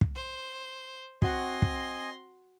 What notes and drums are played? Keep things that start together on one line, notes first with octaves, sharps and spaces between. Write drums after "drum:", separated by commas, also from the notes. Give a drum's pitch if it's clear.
drum: kick
C5
C4 F#4 D#5 F#5 G#5 C6 A#6, drum: kick
drum: kick